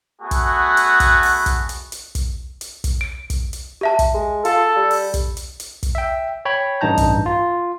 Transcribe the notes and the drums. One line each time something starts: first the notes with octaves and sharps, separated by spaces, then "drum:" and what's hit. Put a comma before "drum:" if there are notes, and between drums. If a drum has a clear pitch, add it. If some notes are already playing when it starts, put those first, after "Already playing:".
A3 B3 F#4 G#4
drum: kick, hi-hat
drum: hi-hat
drum: kick, hi-hat
drum: open hi-hat
drum: kick, hi-hat
drum: hi-hat
drum: hi-hat
drum: kick, hi-hat
drum: hi-hat
drum: kick, hi-hat
D7
drum: kick, hi-hat
drum: hi-hat
G4 E5 A5
drum: kick, hi-hat
G#3
F4 A4, drum: hi-hat
G3
drum: open hi-hat
drum: kick, hi-hat
drum: hi-hat
drum: hi-hat
drum: kick, hi-hat
E5 G5
C#5 G5 B5
A1 G2 D#4 A5 A#5 G6
drum: kick, hi-hat
F4